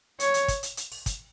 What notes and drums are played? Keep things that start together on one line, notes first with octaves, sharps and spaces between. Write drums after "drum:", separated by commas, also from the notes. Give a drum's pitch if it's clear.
C#5, drum: hi-hat
drum: hi-hat
drum: kick, hi-hat
drum: hi-hat
drum: hi-hat
drum: open hi-hat
drum: kick, hi-hat